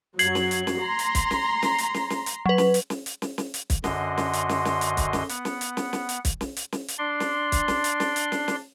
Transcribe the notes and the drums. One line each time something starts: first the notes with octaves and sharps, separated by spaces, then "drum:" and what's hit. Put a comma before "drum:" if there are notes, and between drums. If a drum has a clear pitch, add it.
F#2 F#3 G#6 C7 F#7, drum: hi-hat
drum: snare
drum: hi-hat
drum: snare
A#5 C6
drum: hi-hat
drum: kick, hi-hat
drum: snare
drum: snare
drum: hi-hat
drum: snare
drum: snare
drum: hi-hat
F#3 B4
drum: snare
drum: hi-hat
drum: snare
drum: hi-hat
drum: snare
drum: snare
drum: hi-hat
drum: kick, hi-hat
F#2 D3 F#4 D#5 C6, drum: snare
drum: snare
drum: hi-hat
drum: snare
drum: snare
drum: hi-hat
drum: kick, hi-hat
drum: snare
B3 F#5, drum: hi-hat
drum: snare
drum: hi-hat
drum: snare
drum: snare
drum: hi-hat
drum: kick, hi-hat
drum: snare
drum: hi-hat
drum: snare
drum: hi-hat
D4 D5 C6
drum: snare
drum: kick, hi-hat
drum: snare
drum: hi-hat
drum: snare
drum: hi-hat
drum: snare
drum: snare